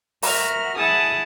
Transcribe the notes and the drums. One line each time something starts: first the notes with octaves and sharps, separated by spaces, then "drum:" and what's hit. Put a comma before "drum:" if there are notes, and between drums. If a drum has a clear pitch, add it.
F#4 A#4 E5 F6, drum: open hi-hat
E4 G#4 F#5 G#5 A5 D#6